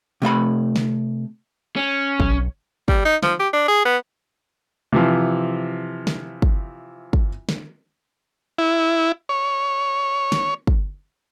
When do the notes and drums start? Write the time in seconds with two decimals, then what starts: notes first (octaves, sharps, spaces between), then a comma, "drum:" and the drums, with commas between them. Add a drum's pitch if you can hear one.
0.22 C3 A3 E5 B5
0.76 drum: snare
1.76 C#4
2.20 B1, drum: kick
2.88 G3, drum: kick
3.05 D#4
3.23 F3, drum: snare
3.39 G4
3.53 D4
3.68 G#4
3.85 B3
4.92 C3 E3 F3
6.07 drum: snare
6.42 drum: kick
7.13 drum: kick
7.49 drum: snare
8.58 E4
9.29 C#5
10.32 drum: snare
10.67 drum: kick